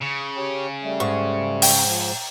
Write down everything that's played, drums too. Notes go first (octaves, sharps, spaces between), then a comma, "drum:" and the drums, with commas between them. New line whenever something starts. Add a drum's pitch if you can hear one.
C#3
G4 C#5 G5
G3 A3
G#2 C#6
G5, drum: open hi-hat
F3